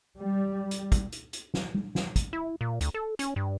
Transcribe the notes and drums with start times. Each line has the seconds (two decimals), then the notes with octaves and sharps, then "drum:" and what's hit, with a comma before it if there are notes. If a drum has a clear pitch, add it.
0.18 G3
0.71 drum: hi-hat
0.92 drum: kick, hi-hat
1.12 drum: hi-hat
1.33 drum: hi-hat
1.54 drum: snare
1.74 drum: tom G3
1.95 drum: snare
2.16 drum: kick, hi-hat
2.33 E4
2.61 A#2
2.81 D2, drum: hi-hat
2.94 A4
3.19 C#4, drum: hi-hat
3.36 G2